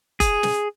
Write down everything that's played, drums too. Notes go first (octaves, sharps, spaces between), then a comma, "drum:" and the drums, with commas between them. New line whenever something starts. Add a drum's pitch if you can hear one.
G#4, drum: kick F1, hi-hat
drum: snare